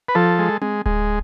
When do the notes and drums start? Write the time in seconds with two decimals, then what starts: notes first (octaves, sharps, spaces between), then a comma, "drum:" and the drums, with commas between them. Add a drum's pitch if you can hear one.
0.09 B4
0.15 F3 A4
0.39 G#3
0.62 G#3, drum: tom C4
0.86 G#3, drum: kick D1